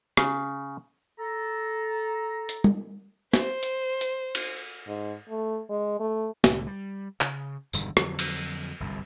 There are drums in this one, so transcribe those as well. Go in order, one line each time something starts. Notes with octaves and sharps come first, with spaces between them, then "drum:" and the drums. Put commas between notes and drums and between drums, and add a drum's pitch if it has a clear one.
C#3, drum: rim click
A4 A#5
drum: hi-hat
drum: tom
C5, drum: snare
drum: hi-hat
drum: hi-hat
drum: cymbal
G#2
A3
G#3
A3
C2 A2 D3 G#3, drum: snare
G3
C#3, drum: clap
E1 G2 D3 D#3, drum: tambourine
F2 D3 F#3, drum: rim click
drum: cymbal
G1 C2 F#2